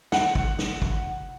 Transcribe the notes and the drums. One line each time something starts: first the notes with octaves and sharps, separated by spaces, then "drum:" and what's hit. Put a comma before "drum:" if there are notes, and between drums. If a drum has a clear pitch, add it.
F#5, drum: snare
drum: kick
drum: snare
drum: kick